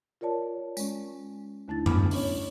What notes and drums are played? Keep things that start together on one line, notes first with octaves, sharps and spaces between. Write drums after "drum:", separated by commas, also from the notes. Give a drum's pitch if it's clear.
F4 A#4 C#5 D5 A5
G#3 C#4, drum: tambourine
D#2 D3 A3 D4 E4 A6
B3 D4 B5 D6 F6, drum: tom F#2
B3 C#4 C#5, drum: open hi-hat